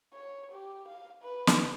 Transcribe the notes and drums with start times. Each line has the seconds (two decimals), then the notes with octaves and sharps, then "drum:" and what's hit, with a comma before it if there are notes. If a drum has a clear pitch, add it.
0.14 C#5
0.52 G4
0.88 F5
1.23 B4
1.47 drum: snare